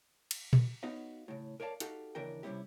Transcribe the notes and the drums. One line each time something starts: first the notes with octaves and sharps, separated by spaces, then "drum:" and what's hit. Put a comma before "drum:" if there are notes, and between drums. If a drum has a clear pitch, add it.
drum: cymbal
drum: tom
B3 D#4 F#4 C#5 F5
A2 C#3
A#4 C#5 D5 F5 A5
D#4 F#4 G4 A4 F5, drum: hi-hat
D#2 C#3 E3 D4 A#4 G5
C3 G3 A3 C#4 E4 G4